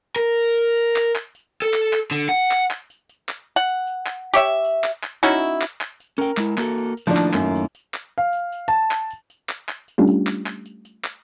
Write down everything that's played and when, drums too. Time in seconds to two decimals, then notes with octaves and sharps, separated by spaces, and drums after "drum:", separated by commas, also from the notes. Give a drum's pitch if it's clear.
0.16 A#4
0.57 drum: tambourine
0.77 drum: tambourine
0.96 drum: clap
1.16 drum: clap
1.35 drum: tambourine
1.62 A4
1.74 drum: clap
1.93 drum: clap
2.11 D3, drum: tambourine
2.29 F#5
2.51 drum: clap
2.71 drum: clap
2.90 drum: tambourine
3.10 drum: tambourine
3.29 drum: clap
3.56 F#5
3.68 drum: tambourine
3.87 drum: tambourine
4.06 drum: clap
4.34 G4 C#5 E5
4.45 drum: tambourine
4.65 drum: tambourine
4.84 drum: clap
5.03 drum: clap
5.23 C#4 D#4 E4 F#4, drum: tambourine
5.42 drum: tambourine
5.62 drum: clap
5.81 drum: clap
6.00 drum: tambourine
6.18 C#4 A#4 G5, drum: tambourine
6.37 G#3 E4, drum: clap
6.58 A#3 F#4 A4, drum: clap
6.78 drum: tambourine
6.97 drum: tambourine
7.07 A2 D#3 F3 A#3 D4
7.17 drum: clap
7.34 F#2, drum: clap
7.55 drum: tambourine
7.75 drum: tambourine
7.94 drum: clap
8.18 F5
8.33 drum: tambourine
8.52 drum: tambourine
8.68 A5
8.91 drum: clap
9.11 drum: tambourine
9.30 drum: tambourine
9.49 drum: clap
9.69 drum: clap
9.88 drum: tambourine
9.98 G3 A3 C#4 D4 F4 G4
10.08 drum: tambourine
10.27 drum: clap
10.46 drum: clap
10.66 drum: tambourine
10.85 drum: tambourine
11.04 drum: clap